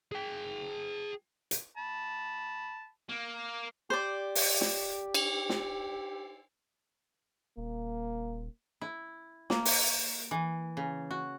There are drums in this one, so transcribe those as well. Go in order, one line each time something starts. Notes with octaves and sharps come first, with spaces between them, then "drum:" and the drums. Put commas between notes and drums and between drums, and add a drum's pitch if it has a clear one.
G#4 G5
drum: hi-hat
A5 B5
A#3
G4 C5 D5
drum: open hi-hat
drum: snare
drum: cymbal
drum: snare
D#1 A#3
E4
A#3, drum: snare
drum: open hi-hat
E3
C#3
F#4